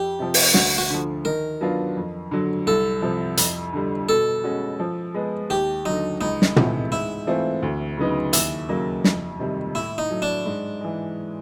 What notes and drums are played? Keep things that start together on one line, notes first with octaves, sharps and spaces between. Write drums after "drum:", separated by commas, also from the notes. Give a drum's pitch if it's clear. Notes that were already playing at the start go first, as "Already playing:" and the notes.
Already playing: F2 G4
C3 F3
drum: open hi-hat
D2 F#4, drum: snare
F#4
D3 F3
D#3 A#4
F#3 B3 D4 F4
F2
D3 F#3
C2 A4
C3 F3
F2, drum: hi-hat
D3 G3
B2 A4
G#3 C#4 F#4
F3
G#3 B3
D#2 G4
D3 F#3 D#4
C#2 D#4
drum: snare
C3 E3 A3, drum: tom
G#2 E4
E3 A3 C4 F4
D2
C#3 F#3 B3 D#4
D#2 E4, drum: hi-hat
C#3 F#3 A#3
F2, drum: snare
C3 D#3 G3
A2 E4
D#4
F#3 A3
D4
G#2
E3 G#3